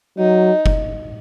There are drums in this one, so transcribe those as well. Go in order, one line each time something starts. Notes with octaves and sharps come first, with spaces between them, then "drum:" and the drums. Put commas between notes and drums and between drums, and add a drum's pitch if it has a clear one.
F#3 D#4
drum: kick F#1